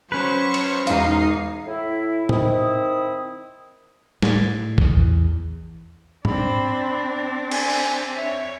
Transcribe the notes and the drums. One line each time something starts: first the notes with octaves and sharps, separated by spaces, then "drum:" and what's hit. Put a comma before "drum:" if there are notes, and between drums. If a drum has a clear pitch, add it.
F#3 C#4 B4 C5 C#6
drum: cymbal
E1 D#4 F5 D#6 C7, drum: hi-hat
A2 E4
D#3 C4 E4 D#6, drum: tom
A2, drum: snare
E2, drum: kick
C4 D4 B5, drum: tom
G#5, drum: cymbal
drum: open hi-hat
C#5 E5